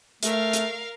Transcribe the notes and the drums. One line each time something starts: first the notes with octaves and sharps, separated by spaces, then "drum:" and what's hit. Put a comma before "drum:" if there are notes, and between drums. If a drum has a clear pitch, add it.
A3 A#4 F5, drum: hi-hat
drum: hi-hat